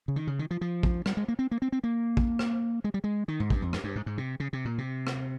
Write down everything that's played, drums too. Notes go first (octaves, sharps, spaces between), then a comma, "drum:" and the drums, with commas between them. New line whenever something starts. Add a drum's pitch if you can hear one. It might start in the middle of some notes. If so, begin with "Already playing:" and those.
C#3
D#3
C#3
D#3
F3
F3
drum: kick
G3, drum: rim click
G#3
A#3
C4
A#3
C4
C4
A#3
drum: kick
drum: rim click
G#3
G3
G#3
D#3
G#2
G2, drum: kick
F2
G2, drum: rim click
G2
G#2
G#2
C3
C#3
C3
A#2
C3
drum: rim click